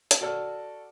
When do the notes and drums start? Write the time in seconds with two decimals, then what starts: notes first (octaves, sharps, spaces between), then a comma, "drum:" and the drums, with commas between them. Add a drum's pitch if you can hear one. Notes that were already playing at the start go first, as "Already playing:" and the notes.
0.11 drum: hi-hat
0.21 F#4 A4 D5 F6